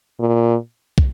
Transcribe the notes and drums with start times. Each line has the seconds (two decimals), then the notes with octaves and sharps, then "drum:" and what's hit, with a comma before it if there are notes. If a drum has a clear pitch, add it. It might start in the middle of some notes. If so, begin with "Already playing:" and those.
0.20 A#2
0.98 drum: kick